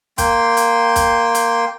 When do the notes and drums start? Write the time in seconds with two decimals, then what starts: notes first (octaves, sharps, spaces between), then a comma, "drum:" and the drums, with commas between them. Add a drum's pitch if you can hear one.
0.18 A#3 G5 C6, drum: kick, hi-hat
0.57 drum: hi-hat
0.96 drum: kick, hi-hat
1.35 drum: hi-hat